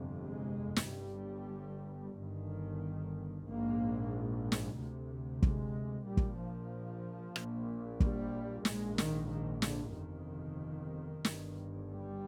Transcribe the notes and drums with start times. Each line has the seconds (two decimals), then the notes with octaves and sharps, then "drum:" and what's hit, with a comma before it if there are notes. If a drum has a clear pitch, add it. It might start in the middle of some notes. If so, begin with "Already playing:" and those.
Already playing: G1 F2 C3
0.25 G#3
0.76 drum: snare
0.89 G1 G2 G3
2.18 G1 G2 D#3
3.48 A#1 G#2 A#3
4.52 drum: snare
4.78 D2 C3
5.42 G#3, drum: kick
6.06 A#1 A#2 G3
6.17 drum: kick
6.39 F3
7.36 A#1 A#2, drum: rim click
8.00 G3, drum: kick
8.65 A#1 G#2 G#3, drum: snare
8.98 D#3, drum: snare
9.30 D#3
9.62 D3, drum: snare
9.95 G1 F2 C3 D#3
11.25 G1 G2, drum: snare
11.89 G3